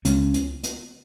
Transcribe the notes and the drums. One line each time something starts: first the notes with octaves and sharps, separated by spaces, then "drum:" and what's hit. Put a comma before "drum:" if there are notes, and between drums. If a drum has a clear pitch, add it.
C#2 C#3 G#3 C#4, drum: hi-hat
drum: hi-hat
drum: hi-hat